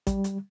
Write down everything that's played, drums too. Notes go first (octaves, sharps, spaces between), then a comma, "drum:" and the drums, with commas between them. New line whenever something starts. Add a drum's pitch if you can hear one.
G3, drum: kick A1, hi-hat
drum: hi-hat